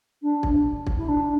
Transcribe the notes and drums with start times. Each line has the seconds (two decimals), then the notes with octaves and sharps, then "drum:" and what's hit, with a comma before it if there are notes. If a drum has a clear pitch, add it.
0.22 D4
0.43 drum: kick
0.87 drum: kick
0.97 E4
1.08 D4